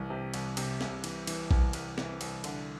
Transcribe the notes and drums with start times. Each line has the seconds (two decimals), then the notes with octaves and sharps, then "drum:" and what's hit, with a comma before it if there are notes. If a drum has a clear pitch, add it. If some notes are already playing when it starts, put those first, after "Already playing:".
Already playing: C2 E3
0.10 C3
0.34 C2, drum: cymbal
0.57 C3, drum: cymbal
0.81 C2, drum: snare
1.04 E3, drum: cymbal
1.27 E3, drum: cymbal
1.51 C2, drum: kick A#1
1.73 C2, drum: cymbal
1.98 E3, drum: snare
2.21 C2, drum: cymbal
2.44 D3, drum: cymbal